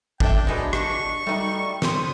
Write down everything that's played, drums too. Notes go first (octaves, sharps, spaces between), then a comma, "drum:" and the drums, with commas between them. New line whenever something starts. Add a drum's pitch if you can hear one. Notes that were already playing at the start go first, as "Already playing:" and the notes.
D4 A4 E5 G5, drum: kick
F#3 G#3 B3 D#4
C#6, drum: rim click
G3 A3 D#4 F#4
C4 C6 D#6, drum: snare